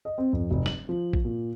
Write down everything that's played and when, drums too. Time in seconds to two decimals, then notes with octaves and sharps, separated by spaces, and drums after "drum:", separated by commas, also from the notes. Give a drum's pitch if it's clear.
0.05 D#5
0.18 C4
0.33 F2
0.51 F1
0.66 F#7, drum: snare
0.89 F3
1.13 drum: kick A#1
1.25 A#2